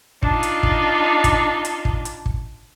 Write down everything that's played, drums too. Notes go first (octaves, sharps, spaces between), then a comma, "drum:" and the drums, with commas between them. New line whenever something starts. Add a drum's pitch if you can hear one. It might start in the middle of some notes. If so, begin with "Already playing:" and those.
D4 D#4 F4, drum: kick
drum: hi-hat
drum: kick
drum: kick, hi-hat
drum: hi-hat
drum: kick
drum: hi-hat
drum: kick